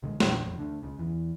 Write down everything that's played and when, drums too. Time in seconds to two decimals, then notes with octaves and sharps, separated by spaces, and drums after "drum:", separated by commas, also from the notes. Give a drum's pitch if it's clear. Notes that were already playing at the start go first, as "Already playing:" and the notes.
0.03 B1 D3 D#3 G#3
0.20 A#1 E2 A#2 D3, drum: snare
0.45 E1 C2 F2
0.58 D2 D3
0.83 C#2 C#3
0.99 E2 E3